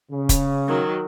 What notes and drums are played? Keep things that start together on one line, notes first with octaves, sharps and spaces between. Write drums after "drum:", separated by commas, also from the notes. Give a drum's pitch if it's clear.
C#3
drum: kick, hi-hat
D#3 F#3